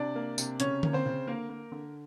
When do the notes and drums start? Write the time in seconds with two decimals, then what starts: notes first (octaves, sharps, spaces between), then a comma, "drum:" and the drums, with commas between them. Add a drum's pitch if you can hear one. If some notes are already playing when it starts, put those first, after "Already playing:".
Already playing: C3 D4 D5
0.15 A#3
0.38 C3, drum: tambourine
0.60 C#3 C#4 C#5, drum: hi-hat
0.83 A#3, drum: tom D3
0.93 C4 C5
1.06 C#3
1.27 D3 A#3 A#4
1.49 A#3
1.72 D3